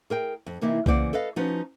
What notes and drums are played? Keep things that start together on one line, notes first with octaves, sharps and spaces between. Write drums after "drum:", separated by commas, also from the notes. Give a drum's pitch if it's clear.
G#4 A#4 G5
F2
C3 E3 A#3 D#4 E4
C#3 E3 A#3 C5 D5 F#5, drum: kick C2
A4 B4 D#5 F5
F3 C#4 D#4 F#4 B4